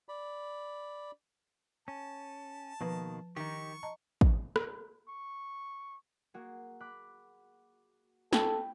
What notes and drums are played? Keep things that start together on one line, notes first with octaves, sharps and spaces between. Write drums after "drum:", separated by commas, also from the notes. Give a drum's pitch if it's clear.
D5 B5
C#4 A5
B2 D#3 F3 A#3 B4
D#3 D#4 G4 C#6
D#5 A5 A#5
drum: kick
drum: rim click
C#6
A#3 F#4 G#4
B5 D6 F#6
A4 G5 B5, drum: snare